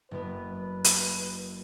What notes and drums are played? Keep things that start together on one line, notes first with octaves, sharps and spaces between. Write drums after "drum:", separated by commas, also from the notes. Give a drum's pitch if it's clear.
F#1 B3 B4
drum: hi-hat